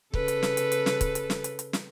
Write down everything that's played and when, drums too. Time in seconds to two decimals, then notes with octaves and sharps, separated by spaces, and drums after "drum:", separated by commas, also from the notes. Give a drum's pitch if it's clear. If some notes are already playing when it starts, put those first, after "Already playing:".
0.14 C#3 A4 B4, drum: kick
0.28 drum: hi-hat
0.43 drum: snare
0.57 drum: hi-hat
0.72 drum: hi-hat
0.86 drum: snare
1.01 drum: kick, hi-hat
1.15 drum: hi-hat
1.30 drum: snare
1.44 drum: hi-hat
1.59 drum: hi-hat
1.73 drum: snare